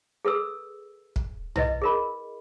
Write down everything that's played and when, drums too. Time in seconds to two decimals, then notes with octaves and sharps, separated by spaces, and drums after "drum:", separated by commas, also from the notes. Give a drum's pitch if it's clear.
0.25 G#4 A4 B4 E6
1.16 drum: kick
1.56 E4 B4 D#5, drum: tom
1.82 G#4 A#4 B5